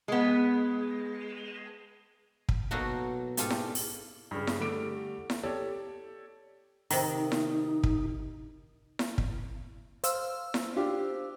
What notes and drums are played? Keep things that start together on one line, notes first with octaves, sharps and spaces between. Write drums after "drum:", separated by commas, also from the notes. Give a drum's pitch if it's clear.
G#3 B3
drum: kick
B2 F#3 A#3 D#4 F#4 A4
G#2 F4 G4 A4 G#5, drum: hi-hat
drum: snare E4
drum: open hi-hat
G2 C#3
drum: snare E4
D3 G3 A3 G4 D6 D7
drum: snare E4
G4 A4 C#5 D5
C3 D#3 D#4, drum: open hi-hat
drum: snare E4
drum: kick
drum: snare E4
drum: kick
C5 F5 E6, drum: hi-hat
drum: snare E4
D4 F4 G4